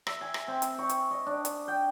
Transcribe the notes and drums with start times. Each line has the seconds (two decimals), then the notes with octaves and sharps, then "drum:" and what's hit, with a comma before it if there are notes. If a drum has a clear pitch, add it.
0.07 E5, drum: rim click
0.21 G#5
0.34 drum: rim click
0.48 C4
0.62 drum: hi-hat
0.78 C#6
0.89 drum: hi-hat
1.11 D#5
1.26 D4
1.45 drum: hi-hat
1.68 G5